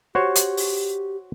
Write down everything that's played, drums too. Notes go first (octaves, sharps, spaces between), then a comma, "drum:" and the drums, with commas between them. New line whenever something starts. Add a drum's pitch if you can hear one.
F#4 G4 C5 C#5
drum: hi-hat
drum: open hi-hat